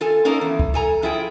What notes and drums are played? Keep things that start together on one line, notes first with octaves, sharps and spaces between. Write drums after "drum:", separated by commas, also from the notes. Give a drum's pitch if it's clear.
F4 A4 G#5
A#3 C#4 D#4 A4 A#4
E2
drum: kick
A4 G#5 A#5
F3 E4 F4 G#4 G5